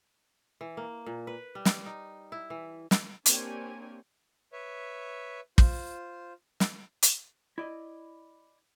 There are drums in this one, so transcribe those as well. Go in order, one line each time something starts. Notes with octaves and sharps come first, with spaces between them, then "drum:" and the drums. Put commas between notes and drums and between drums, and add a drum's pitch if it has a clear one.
E3
A#3
A#2
B4
G3
drum: snare
D#4
E4
E3
drum: snare
A#3 C4 D4 G4 C#5 G#5, drum: hi-hat
B4 C#5 E5
F4 C5, drum: kick
drum: snare
drum: hi-hat
E4 D5 D#5